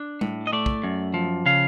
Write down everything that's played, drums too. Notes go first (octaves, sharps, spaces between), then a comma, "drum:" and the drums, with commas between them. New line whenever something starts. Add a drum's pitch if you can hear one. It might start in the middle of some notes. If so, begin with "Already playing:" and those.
Already playing: D4
A2, drum: tom G3
D#5
A3 D5
drum: kick
F#2
F3
C#3 F5